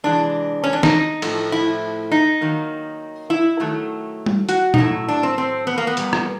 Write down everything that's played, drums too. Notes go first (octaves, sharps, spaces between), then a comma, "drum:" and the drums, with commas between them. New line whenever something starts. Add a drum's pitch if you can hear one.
C3 E3 G#3 D4
C#4
D4
D#4, drum: snare
A2 F3 A3, drum: cymbal
E4
D#4
D#3 F#3 A#3
E4
D#3 F#3 A3
drum: tom G3
F#4, drum: hi-hat
D#4, drum: tom A#2
A2 F#3 A3 E4
D4
C4
C4
B3
A#3
B3
A#2 G3 A#3, drum: hi-hat
drum: rim click